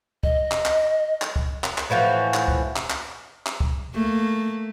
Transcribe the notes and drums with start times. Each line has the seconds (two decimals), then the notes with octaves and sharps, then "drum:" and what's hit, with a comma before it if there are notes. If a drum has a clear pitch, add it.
0.23 D#5, drum: kick
0.51 drum: clap
0.66 drum: clap
1.22 drum: clap
1.36 drum: kick
1.64 drum: clap
1.78 drum: clap
1.90 A2 E3 F3 F#4
2.34 drum: clap
2.48 drum: kick
2.76 drum: clap
2.90 drum: clap
3.46 drum: clap
3.60 drum: kick
3.94 A3 A#3